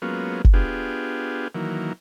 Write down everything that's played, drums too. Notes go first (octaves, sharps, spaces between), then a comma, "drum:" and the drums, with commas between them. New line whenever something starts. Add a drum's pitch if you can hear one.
F#3 G#3 A#3 B3 C#4 F4
drum: kick
B3 D4 F4 G4 G#4
D#3 E3 F#3 A#3